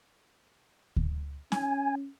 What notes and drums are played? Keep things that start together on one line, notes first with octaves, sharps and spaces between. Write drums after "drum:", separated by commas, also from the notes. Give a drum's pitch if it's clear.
drum: kick D2
C#4 G#5, drum: snare